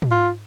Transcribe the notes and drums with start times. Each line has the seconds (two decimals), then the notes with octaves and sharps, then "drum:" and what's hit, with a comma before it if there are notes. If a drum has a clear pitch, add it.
0.02 drum: tom
0.11 F4